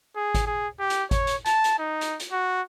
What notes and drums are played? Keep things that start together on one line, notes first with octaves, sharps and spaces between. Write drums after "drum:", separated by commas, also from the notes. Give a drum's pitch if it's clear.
G#4
drum: kick G#1, hi-hat
G#4
G4
drum: hi-hat
C#5, drum: kick G#1, hi-hat
drum: hi-hat
A5, drum: hi-hat
drum: hi-hat
D#4
drum: hi-hat
drum: hi-hat
F#4